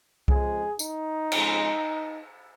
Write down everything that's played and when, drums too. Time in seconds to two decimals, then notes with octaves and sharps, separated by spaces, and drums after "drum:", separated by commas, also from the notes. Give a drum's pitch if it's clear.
0.28 F2 C#3 F3 G#3 G#4, drum: kick C2
0.79 D#4, drum: tambourine
1.32 F2 C#3 G#3, drum: cymbal